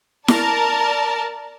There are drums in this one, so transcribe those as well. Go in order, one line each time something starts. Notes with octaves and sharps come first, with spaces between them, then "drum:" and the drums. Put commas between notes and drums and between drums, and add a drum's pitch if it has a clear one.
A#4 D5 A5, drum: snare E4